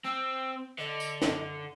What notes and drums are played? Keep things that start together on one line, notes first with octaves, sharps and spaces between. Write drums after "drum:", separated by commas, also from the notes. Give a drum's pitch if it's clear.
C4 E6
D3 D#5
drum: tambourine
drum: snare